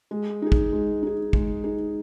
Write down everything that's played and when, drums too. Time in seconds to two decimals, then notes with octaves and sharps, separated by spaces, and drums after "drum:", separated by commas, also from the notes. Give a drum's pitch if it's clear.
0.11 G#3
0.42 D#4 G#4
0.52 drum: kick
0.72 G#3
1.03 D#4 G#4
1.33 G#3, drum: kick
1.64 D#4 G#4